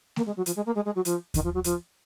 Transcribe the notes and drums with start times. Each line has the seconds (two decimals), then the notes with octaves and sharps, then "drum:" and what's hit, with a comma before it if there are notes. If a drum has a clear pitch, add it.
0.16 A#3, drum: snare A3
0.26 G#3
0.36 F#3
0.46 F3, drum: hi-hat
0.56 G#3
0.66 A#3
0.75 G#3
0.85 G#3
0.95 F#3
1.05 F3, drum: hi-hat
1.34 D#3, drum: kick D#2, hi-hat
1.44 F3
1.54 F#3
1.64 F3, drum: hi-hat